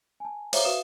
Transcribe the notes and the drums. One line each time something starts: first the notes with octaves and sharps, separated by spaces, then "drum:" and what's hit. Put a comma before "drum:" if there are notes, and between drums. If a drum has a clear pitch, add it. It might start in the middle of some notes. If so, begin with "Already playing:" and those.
G#5 A5
C5 C#5 E5 F5 A#5 D6, drum: open hi-hat
F#4 B4 E5 F5 D#6 E7